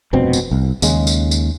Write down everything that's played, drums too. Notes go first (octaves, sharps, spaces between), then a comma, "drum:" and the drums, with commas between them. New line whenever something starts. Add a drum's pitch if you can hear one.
F1 G2 B2 C4
drum: tambourine
C2
D#2 C#3 G#3, drum: tambourine
drum: tambourine
drum: tambourine